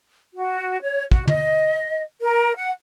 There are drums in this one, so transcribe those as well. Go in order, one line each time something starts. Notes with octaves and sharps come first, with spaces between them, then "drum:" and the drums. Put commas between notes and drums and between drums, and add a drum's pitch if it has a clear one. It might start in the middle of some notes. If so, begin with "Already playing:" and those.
F#4
C#5
F#4, drum: kick
D#5, drum: tom
A#4
F#5